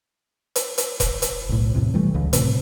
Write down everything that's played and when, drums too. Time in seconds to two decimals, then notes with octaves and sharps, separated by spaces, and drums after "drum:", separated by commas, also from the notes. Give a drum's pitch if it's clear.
0.56 drum: hi-hat
0.78 drum: hi-hat
1.00 drum: kick E1, hi-hat
1.22 drum: hi-hat
1.49 B1 A2
1.75 E2 A2 C3
1.94 E3 G3 A3
2.14 C#2
2.33 A2 C3, drum: hi-hat